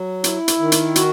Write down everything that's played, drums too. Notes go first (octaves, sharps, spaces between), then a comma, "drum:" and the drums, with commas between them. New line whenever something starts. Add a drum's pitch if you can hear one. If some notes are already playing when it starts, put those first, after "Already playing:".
Already playing: F#3
E4, drum: hi-hat
drum: hi-hat
D#3
drum: hi-hat
F#4, drum: hi-hat